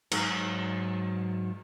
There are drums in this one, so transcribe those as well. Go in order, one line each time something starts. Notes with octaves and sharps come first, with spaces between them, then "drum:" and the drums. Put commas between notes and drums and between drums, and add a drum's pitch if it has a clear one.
G#2 F#3, drum: cymbal